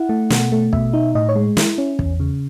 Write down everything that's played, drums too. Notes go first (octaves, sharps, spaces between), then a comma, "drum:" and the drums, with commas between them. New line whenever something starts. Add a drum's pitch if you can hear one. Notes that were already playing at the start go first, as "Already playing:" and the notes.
Already playing: E4 F#5
A3
B2, drum: snare
A3
B2 E5, drum: kick
D#4
A2 D#5
C#5
G#3
E4, drum: snare
C#4
E2, drum: kick
C#3